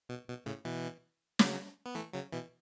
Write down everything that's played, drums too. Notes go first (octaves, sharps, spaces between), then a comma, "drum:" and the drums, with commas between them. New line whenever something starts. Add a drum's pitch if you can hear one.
B2
B2
A2 C#3
B2 E3
C#3 F#3, drum: snare
B3
E3 A3
C#3 F#3
B2 E3